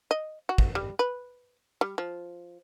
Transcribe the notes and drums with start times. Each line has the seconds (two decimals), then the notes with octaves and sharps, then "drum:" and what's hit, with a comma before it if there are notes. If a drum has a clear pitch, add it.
0.11 D#5
0.49 F#4
0.58 drum: kick
0.75 G3
0.99 B4
1.81 G3
1.98 F3